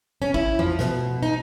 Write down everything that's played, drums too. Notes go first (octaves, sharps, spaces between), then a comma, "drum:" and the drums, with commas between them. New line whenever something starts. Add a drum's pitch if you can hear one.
C#4
E4, drum: kick
F3, drum: tom E2
B2, drum: snare
D#4